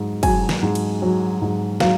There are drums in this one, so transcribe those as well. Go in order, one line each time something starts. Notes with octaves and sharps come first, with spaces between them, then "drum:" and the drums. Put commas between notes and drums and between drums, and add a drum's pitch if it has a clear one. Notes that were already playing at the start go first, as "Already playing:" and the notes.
Already playing: G#2 F#3
F#3 G#5, drum: kick, cymbal
drum: snare
G#2
drum: cymbal
F#3
G#2
F#3 F5, drum: snare